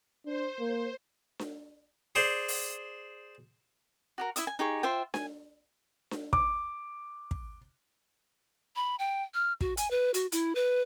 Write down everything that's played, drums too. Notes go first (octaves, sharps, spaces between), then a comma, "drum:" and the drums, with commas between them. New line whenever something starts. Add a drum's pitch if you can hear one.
D4 C5
A#3
drum: snare D4
G#4 C5 D5
drum: open hi-hat
F#4 G4 A#4
E4 E5 D#6, drum: hi-hat
G#5
D#4 G4 G#4 C#6
F4 C5 E5 G5
G#5, drum: snare D4
drum: snare D4
D6, drum: kick
drum: kick
B5
G5
F6
F#4, drum: kick
G#5, drum: hi-hat
B4
F#4, drum: hi-hat
E4, drum: hi-hat
B4